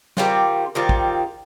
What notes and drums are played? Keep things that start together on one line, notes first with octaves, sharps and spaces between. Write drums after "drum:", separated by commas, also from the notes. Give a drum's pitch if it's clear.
D#3 G3 C4 F4, drum: snare
D#3 G3 C4 F4
drum: kick